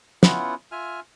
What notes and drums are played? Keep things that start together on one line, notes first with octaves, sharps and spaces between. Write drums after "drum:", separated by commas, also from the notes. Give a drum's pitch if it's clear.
B3 C#4 E4 F4 F#5, drum: snare
F4 E5 G#5 F6